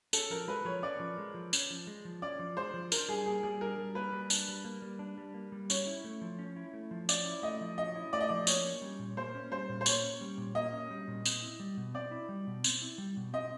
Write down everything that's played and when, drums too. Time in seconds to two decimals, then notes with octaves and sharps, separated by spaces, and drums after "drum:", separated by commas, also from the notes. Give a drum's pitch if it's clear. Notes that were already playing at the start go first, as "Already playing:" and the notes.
0.13 C#4 A4, drum: tambourine
0.30 F3 A#4
0.48 G#3 B4
0.65 F3 C#5
0.82 C#4 D5
1.00 F3
1.18 G#3
1.34 F3
1.53 C#4, drum: tambourine
1.70 F3
1.87 G#3
2.05 F3
2.22 C#4 D5
2.39 F3
2.57 G#3 C5
2.74 F3
2.92 D4 A#4, drum: tambourine
3.09 G3 G#4
3.26 A#3 G#4
3.43 G3 G#4
3.61 D4 A#4
3.78 G3
3.95 A#3 B4
4.13 G3
4.30 D4, drum: tambourine
4.48 G3
4.65 A#3
4.82 G3
4.99 D4
5.18 G3
5.34 A#3
5.52 G3
5.70 C#4 C#5, drum: tambourine
5.87 E4
6.04 A3
6.22 F3
6.39 C#4
6.56 E4
6.73 A3
6.91 F3
7.09 C#4 D5, drum: tambourine
7.26 E4
7.42 A3 D#5
7.61 F3
7.78 C#4 D#5
7.96 E4
8.13 A3 D5
8.20 D#5
8.29 F3 D5
8.47 A#3 C#5, drum: tambourine
8.65 C#4
8.82 G3
8.99 A#2
9.17 A#3 C5
9.35 C#4
9.52 G3 C5
9.69 A#2
9.81 C5
9.86 A#3 C#5, drum: tambourine
10.04 C#4
10.21 G3
10.38 A#2
10.55 A#3 D#5
10.73 C#4
10.91 G3
11.08 A#2
11.26 C4, drum: tambourine
11.42 E4
11.60 G3
11.77 B2
11.94 C4 D5
12.11 E4
12.29 G3
12.47 B2
12.64 C4, drum: tambourine
12.82 E4
12.98 G3
13.17 B2
13.33 C4 D#5